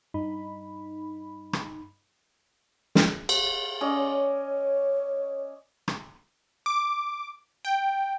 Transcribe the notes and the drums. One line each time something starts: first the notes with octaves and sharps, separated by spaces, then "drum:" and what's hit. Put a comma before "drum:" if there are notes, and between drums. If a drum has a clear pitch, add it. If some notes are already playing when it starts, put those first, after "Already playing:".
G2 D#4 B5
drum: rim click
drum: snare
drum: cymbal
C#4 D5 D#5
C#5
drum: rim click
D6
G5